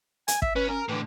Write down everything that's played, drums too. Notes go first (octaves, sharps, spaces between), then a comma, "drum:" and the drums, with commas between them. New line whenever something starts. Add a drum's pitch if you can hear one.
G#5, drum: hi-hat
E5, drum: kick
C#4 B4
C#4 A#4
A2 D3 E3